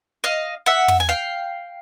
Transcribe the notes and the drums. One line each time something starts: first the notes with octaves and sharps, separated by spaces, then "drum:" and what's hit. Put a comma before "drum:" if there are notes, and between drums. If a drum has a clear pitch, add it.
D#5 F5
E5 F#5
drum: tom
G#5
F5 G5